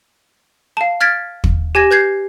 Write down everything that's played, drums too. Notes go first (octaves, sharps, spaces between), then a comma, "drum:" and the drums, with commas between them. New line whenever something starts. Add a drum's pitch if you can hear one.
F5 A5
F6 G#6 A6 B6 D7
drum: kick
G4 G#5 G#6 A#6
B4 G6 G#6 C7